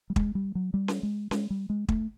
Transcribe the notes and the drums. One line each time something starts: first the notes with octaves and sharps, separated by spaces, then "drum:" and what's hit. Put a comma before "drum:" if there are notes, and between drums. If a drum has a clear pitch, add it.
G3
G#3, drum: kick
G3
F#3
G3
drum: snare C#4
G#3
G#3, drum: snare C#4
G3
G#3
A3, drum: kick